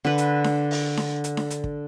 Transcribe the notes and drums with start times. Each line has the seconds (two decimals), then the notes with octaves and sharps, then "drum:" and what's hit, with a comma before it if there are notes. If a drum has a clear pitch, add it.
0.05 D3 B4
0.18 drum: hi-hat
0.44 drum: snare D4
0.71 drum: open hi-hat
0.97 drum: snare D4
1.24 drum: hi-hat
1.37 drum: snare D4
1.50 drum: hi-hat
1.64 drum: kick